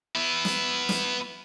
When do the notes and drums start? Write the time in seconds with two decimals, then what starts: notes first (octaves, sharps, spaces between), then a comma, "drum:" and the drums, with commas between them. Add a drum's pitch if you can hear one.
0.15 B3 E4
0.45 drum: snare
0.89 drum: snare